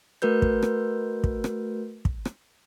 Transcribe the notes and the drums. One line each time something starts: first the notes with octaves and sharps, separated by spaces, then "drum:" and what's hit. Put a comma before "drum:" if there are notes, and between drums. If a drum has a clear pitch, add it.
A3 F#4 A#4 B4 G6
drum: kick
drum: rim click
drum: kick
drum: rim click
drum: kick
drum: rim click